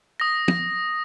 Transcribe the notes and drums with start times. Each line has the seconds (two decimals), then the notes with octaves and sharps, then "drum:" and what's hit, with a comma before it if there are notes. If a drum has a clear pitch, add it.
0.20 D#6 A#6
0.48 drum: tom